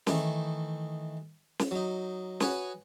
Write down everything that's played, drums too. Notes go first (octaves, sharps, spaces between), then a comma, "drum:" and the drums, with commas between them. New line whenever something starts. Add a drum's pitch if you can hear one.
D#3 E3 A3 D#4, drum: snare
drum: snare
F#3 D#4
F#4 B4 C#5 G#5 D#6, drum: snare